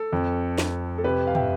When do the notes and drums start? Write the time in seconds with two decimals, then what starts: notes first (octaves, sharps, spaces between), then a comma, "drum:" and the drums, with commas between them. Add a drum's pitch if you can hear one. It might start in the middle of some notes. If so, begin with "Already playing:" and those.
Already playing: A4
0.12 F2
0.58 F2, drum: snare
0.98 A4
1.04 C3 G4 B4
1.27 F5
1.35 E5 G5, drum: tom